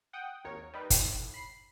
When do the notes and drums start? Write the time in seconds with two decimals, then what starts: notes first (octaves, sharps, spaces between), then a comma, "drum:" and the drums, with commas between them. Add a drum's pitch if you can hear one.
0.13 F#5 G5 D#6
0.44 G#1 D#2 A#4 C#5
0.73 G3 D#4 B4
0.90 drum: kick, hi-hat
1.05 A2
1.34 B5 C7